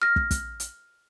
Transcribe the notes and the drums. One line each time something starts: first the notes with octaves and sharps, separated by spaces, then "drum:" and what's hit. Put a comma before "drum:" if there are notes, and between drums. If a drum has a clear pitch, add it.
F6 A#6
drum: kick
drum: kick, hi-hat
drum: hi-hat